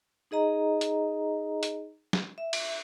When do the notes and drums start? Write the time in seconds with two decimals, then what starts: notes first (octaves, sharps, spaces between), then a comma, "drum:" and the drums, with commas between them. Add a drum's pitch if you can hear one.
0.31 D#4 G#4 D#5 A#5
0.81 drum: hi-hat
1.63 drum: hi-hat
2.13 drum: snare
2.38 E5
2.53 drum: cymbal